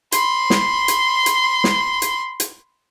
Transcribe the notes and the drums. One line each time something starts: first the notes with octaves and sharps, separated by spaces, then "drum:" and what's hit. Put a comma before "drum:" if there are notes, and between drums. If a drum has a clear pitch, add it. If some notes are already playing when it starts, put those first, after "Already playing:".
B5 C6, drum: hi-hat
drum: snare
drum: hi-hat
drum: hi-hat
drum: snare
drum: hi-hat
drum: hi-hat